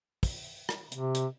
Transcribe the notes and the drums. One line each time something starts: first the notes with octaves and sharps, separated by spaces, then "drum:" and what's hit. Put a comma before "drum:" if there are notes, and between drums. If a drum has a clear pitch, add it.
drum: kick, open hi-hat
drum: rim click
C3, drum: hi-hat
drum: hi-hat